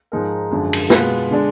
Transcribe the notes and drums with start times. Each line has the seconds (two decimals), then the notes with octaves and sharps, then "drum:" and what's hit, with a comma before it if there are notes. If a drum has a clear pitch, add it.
0.12 G#2 F3 G#3 D#4 A#4
0.51 F#2 D3 F3 G#3
0.73 drum: cymbal
0.90 B2 G#3 B3 F4 B4, drum: snare
1.31 D3 G#3 D4